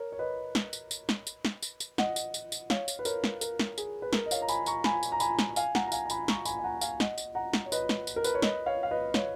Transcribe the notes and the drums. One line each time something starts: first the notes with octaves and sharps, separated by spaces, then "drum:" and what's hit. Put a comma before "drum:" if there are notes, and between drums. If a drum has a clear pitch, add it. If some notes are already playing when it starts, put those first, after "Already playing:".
Already playing: A#4 C#5
C#5
B4 D#5
drum: snare
drum: tambourine
drum: tambourine
drum: snare
drum: tambourine
drum: snare
drum: tambourine
drum: tambourine
D#5 F#5, drum: snare
drum: tambourine
drum: tambourine
drum: tambourine
C#5 F5, drum: snare
drum: tambourine
B4
A#4 C#5, drum: tambourine
drum: snare
A#4, drum: tambourine
drum: snare
G#4, drum: tambourine
B4
A#4, drum: snare
D#5
C#5 F5, drum: tambourine
A#5
G#5 B5, drum: tambourine
A#5 C#6, drum: tambourine
G#5 B5, drum: snare
drum: tambourine
A#5
G#5 B5, drum: tambourine
drum: snare
F5 G#5, drum: tambourine
F#5 A#5, drum: snare
A#5
F5 G#5, drum: tambourine
A#5
G#5 B5, drum: tambourine
A#5 C#6, drum: snare
G#5 B5, drum: tambourine
G#5
F#5 A#5
F5 G#5, drum: tambourine
D#5 F#5, drum: snare
drum: tambourine
F#5 A#5
drum: snare
C#5
B4 D#5, drum: tambourine
drum: snare
drum: tambourine
A#4
B4, drum: tambourine
C#5
B4 D#5, drum: snare
C#5 F5
F5
B4 D#5
C#5 F5, drum: snare